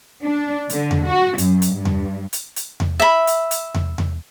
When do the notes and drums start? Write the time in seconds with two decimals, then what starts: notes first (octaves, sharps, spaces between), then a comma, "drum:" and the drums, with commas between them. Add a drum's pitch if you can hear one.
0.23 D4
0.69 D3, drum: hi-hat
0.91 drum: tom E2
1.05 F#4
1.38 F#2, drum: hi-hat
1.62 drum: hi-hat
1.75 G2
1.85 drum: tom E2
2.33 drum: hi-hat
2.56 drum: hi-hat
2.80 drum: tom E2
3.00 E5 B5
3.27 drum: hi-hat
3.51 drum: hi-hat
3.74 drum: tom E2
3.98 drum: tom E2